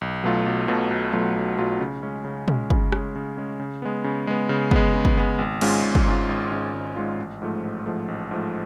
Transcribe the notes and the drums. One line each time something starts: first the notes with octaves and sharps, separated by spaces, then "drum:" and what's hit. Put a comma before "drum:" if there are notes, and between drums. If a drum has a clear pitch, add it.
B1
B2 F#3 A3 F4
B1
B2 F#3 A3 F4
B1
B2 F#3 A3 F4
B1
B2 F#3 A3 F4
C#3
G#3 C#4
C#3
G#3 C#4, drum: tom A#2
C#3, drum: kick
G#3 C#4, drum: rim click
C#3
G#3 C#4
C#3
G#3 B3
C#3
G#3 B3
C#3
G#3 B3, drum: kick
C#3
drum: kick
G#3 B3
G#1
G#2 G#3 C#4 F4, drum: cymbal
G#1
drum: kick
G#2 G#3 C#4 F4
G#1
G#2 G#3 C#4 F4
G#1
G#2 G#3 C#4 F4
A1
G#2 F3 A3
A1
G#2 F3 A3
A1
G#2 F3 A3